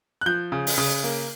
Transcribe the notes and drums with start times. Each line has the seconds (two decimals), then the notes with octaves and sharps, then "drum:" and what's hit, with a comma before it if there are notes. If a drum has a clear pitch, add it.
0.21 F#6
0.26 F3 G6
0.52 C#3
0.67 drum: open hi-hat
0.78 C#3
1.04 A#3